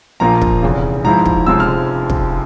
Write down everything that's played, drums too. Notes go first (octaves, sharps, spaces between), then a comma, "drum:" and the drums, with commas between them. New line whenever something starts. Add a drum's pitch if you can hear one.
A#1 A#2 F3 A#3 F4 A#5
drum: kick
F1 E2 C#3
G#2 F3 G#3 E4 A#5
drum: kick
F1 F2 C#3 F3 G#3 E6
F6
drum: kick